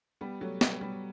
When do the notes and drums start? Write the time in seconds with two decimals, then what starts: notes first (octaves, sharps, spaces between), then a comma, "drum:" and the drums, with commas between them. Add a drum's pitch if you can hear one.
0.21 G3 B3
0.41 F#3 A3
0.61 G3 B3, drum: snare
0.81 G3 B3